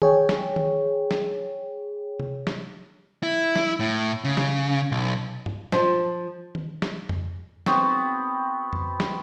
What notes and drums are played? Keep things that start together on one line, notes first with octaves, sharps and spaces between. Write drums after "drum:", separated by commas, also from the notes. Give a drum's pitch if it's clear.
G#4 C#5 G5, drum: tom D#3
drum: snare
drum: tom D#3
drum: snare
drum: tom C3
drum: snare
E4
drum: snare
A2
C#3
drum: snare
B1
drum: tom G2
F3, drum: snare
drum: tom D#3
drum: snare
drum: tom F2
B3 C4 F#4, drum: snare
drum: tom F2
drum: snare